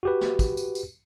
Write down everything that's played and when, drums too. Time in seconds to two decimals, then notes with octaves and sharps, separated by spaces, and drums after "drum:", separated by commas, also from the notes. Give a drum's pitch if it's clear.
0.03 F#4 G4 B4
0.21 drum: snare
0.39 drum: kick, tambourine
0.57 drum: tambourine
0.75 drum: tambourine